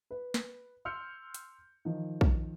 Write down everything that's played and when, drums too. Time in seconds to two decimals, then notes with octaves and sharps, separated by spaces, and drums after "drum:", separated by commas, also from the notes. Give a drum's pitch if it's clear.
0.11 B4
0.34 drum: snare
0.85 C6 E6 F6 G6 C#7
1.34 drum: hi-hat
1.85 D#3 F3
2.21 drum: kick